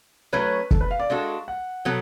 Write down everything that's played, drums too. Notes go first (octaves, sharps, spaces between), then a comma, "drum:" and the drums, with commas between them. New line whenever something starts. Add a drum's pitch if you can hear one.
F#3 A3 C#4 B4
A4, drum: kick
B4
F5
D5
G#3 D4 F#4 A4 F5
F#5
B2 F#3 B3 A4